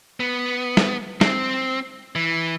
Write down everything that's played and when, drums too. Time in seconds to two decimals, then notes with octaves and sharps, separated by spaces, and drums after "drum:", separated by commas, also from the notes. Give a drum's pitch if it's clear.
0.20 B3
0.77 drum: snare
1.21 C4, drum: snare
2.15 E3